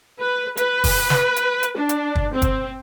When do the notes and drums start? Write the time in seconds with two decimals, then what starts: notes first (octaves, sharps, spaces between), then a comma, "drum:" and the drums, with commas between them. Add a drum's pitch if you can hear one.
0.20 B4
0.57 B4, drum: hi-hat
0.84 drum: kick, open hi-hat
1.10 drum: snare
1.36 drum: hi-hat
1.63 drum: hi-hat
1.77 D4
1.89 drum: hi-hat
2.15 drum: kick
2.32 C4
2.42 drum: kick, hi-hat